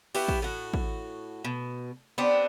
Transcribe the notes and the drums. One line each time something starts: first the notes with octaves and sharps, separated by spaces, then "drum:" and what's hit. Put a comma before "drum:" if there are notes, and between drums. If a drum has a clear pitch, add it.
B3 E4 F#4 G4, drum: cymbal
drum: kick
A2 F#4
drum: kick
B2
B3 C4 D4 G4